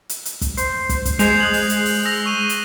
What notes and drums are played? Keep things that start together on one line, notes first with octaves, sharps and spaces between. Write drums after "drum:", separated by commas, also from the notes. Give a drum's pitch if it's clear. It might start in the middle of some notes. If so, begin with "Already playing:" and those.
drum: hi-hat
drum: hi-hat
drum: kick, hi-hat
C5, drum: hi-hat
drum: kick, hi-hat
drum: kick, hi-hat
G#3 G#4 C5 C7 F7, drum: hi-hat
D#6 F#6 F#7
drum: open hi-hat
drum: hi-hat
drum: open hi-hat
E6 A#6 F7
C#6 D#7 F7
drum: hi-hat